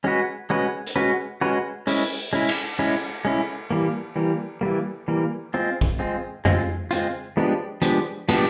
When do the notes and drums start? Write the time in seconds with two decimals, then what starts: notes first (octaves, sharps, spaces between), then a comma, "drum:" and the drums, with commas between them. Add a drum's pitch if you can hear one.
0.04 G#3 C#4 F#4 B4
0.50 G#3 C#4 F#4 B4
0.87 drum: hi-hat
0.96 G#3 C#4 F#4 B4
1.41 G#3 C#4 F#4 B4
1.87 G#3 C#4 E4, drum: open hi-hat
2.33 G#3 C#4 E4
2.49 drum: cymbal
2.79 G#3 C#4 E4
3.25 G#3 C#4 E4
3.71 E3 G3 A#3
4.16 E3 G3 A#3
4.61 E3 G3 A#3
5.08 E3 G3 A#3
5.54 G#3 C4 F4
5.81 drum: kick
5.99 G#3 C4 F4
6.45 G#3 C4 F4, drum: tom F2
6.91 G#3 C4 F4, drum: hi-hat
7.37 F3 G#3 B3 D4 G4
7.82 F3 G#3 B3 D4 G4, drum: hi-hat
8.29 F3 G#3 B3 D4 G4, drum: cymbal